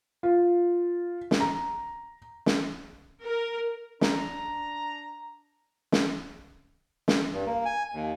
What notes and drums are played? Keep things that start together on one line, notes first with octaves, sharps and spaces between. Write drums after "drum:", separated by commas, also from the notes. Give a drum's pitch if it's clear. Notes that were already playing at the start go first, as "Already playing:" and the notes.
F4
drum: snare
A#5
drum: snare
A#4
D4 A#5, drum: snare
drum: snare
drum: snare
G2
A#3
G#5
D#2